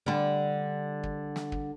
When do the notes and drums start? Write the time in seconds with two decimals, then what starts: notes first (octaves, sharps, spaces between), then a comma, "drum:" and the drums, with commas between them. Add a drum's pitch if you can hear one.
0.06 D3 G3
1.03 drum: kick
1.36 drum: snare
1.52 drum: kick